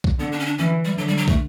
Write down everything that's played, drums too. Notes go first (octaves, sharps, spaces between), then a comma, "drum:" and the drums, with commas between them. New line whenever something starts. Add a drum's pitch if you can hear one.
drum: kick
D3 B3
D4
C#4
D4
E3 C#4
G3
D3 F#3
G3
F#3
A3, drum: kick